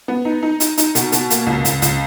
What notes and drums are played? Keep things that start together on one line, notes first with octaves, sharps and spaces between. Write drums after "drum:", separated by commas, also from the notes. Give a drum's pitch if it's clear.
B3
D#4
D#4
D#4, drum: hi-hat
D#4, drum: hi-hat
B2, drum: hi-hat
B2, drum: hi-hat
A#3, drum: hi-hat
C#2
C#2, drum: hi-hat
C#2, drum: hi-hat